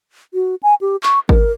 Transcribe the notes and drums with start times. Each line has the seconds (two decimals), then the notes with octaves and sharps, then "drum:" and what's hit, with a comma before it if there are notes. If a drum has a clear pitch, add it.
0.34 F#4
0.63 G#5
0.81 G4
1.03 C#6, drum: clap
1.29 A#4, drum: kick